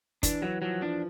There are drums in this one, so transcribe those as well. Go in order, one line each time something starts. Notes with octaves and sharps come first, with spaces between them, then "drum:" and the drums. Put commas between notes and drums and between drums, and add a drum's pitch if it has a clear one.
E3 D4, drum: kick, hi-hat
E3 F#3
F3 F#3
F3 D4